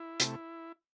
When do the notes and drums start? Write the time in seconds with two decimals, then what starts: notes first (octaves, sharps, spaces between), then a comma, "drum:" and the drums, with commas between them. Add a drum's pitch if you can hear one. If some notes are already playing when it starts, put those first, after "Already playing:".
Already playing: E4
0.20 C3 A3, drum: hi-hat